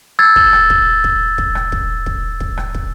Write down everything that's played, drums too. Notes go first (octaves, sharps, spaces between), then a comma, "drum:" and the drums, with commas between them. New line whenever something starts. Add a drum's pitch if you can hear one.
E6 G#6 A6
drum: kick
drum: rim click
drum: kick
drum: kick
drum: kick
drum: rim click
drum: kick
drum: kick
drum: kick
drum: rim click
drum: kick